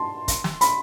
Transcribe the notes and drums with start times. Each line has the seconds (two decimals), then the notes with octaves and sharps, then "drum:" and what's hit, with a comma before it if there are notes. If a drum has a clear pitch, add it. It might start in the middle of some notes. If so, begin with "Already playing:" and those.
Already playing: A5 C6
0.28 drum: kick, hi-hat
0.44 drum: snare
0.61 B5, drum: hi-hat